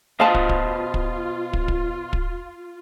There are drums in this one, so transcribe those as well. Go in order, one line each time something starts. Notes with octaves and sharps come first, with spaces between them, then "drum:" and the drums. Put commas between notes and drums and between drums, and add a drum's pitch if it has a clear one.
B2 F4 C5 D#5 F5 A5
drum: kick
drum: kick
drum: kick
drum: kick
drum: kick
drum: kick